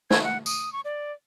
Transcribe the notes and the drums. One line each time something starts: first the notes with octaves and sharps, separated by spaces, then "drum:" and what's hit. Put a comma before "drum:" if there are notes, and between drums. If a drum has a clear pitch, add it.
G#6, drum: snare
F#5
D#6, drum: tambourine
C#6
D5